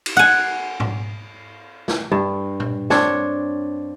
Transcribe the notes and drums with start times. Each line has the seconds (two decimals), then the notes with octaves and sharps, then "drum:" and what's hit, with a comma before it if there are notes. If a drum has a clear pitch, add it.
0.06 drum: cymbal
0.17 F#5 G#5
0.80 drum: tom G#2
1.88 drum: snare
2.12 G2
2.60 drum: tom A#2
2.90 C4 D4 C#5, drum: snare